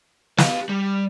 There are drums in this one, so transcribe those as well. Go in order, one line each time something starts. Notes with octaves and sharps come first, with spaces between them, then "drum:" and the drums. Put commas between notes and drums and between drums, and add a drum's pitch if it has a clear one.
G4 F5, drum: snare
G3